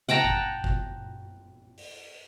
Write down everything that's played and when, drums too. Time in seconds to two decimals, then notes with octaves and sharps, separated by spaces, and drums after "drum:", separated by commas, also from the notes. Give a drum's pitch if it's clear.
0.09 F#5 G5 A5 A#5
0.24 drum: kick G1
0.64 drum: kick G1
1.78 drum: open hi-hat